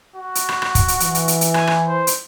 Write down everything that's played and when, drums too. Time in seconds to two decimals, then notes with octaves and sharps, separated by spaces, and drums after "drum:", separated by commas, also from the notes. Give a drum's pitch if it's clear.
0.16 F#4
0.35 drum: hi-hat
0.49 drum: rim click
0.62 drum: rim click
0.75 drum: kick, hi-hat
0.88 drum: hi-hat
1.00 E3, drum: hi-hat
1.15 drum: hi-hat
1.28 drum: hi-hat
1.41 drum: hi-hat
1.54 G#5, drum: rim click
1.67 drum: rim click
1.88 C5
2.07 drum: hi-hat